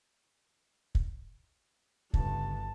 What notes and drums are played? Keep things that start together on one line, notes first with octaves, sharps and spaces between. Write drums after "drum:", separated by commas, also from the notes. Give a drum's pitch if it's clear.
drum: kick
G1 C#2 G2 C#3 A5, drum: kick